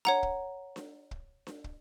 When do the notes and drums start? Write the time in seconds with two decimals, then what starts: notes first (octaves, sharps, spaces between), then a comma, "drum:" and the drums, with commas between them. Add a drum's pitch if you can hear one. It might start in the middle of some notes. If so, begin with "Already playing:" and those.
0.05 C#5 F#5 A#5, drum: snare D4
0.23 drum: kick
0.76 drum: snare D4
1.11 drum: kick
1.47 drum: snare D4
1.64 drum: kick